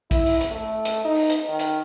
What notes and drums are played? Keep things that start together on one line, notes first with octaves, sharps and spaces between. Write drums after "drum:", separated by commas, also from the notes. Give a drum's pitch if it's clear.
E4, drum: kick A#1, hi-hat
drum: open hi-hat
drum: hi-hat
A3
drum: hi-hat
D#4
drum: open hi-hat
drum: hi-hat
D#3
drum: hi-hat